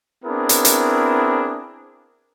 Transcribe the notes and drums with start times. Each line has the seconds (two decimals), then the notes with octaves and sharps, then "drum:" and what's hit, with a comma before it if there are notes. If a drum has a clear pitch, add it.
0.25 B3 C4 D4 E4 G#4 A#4
0.49 drum: hi-hat
0.65 drum: hi-hat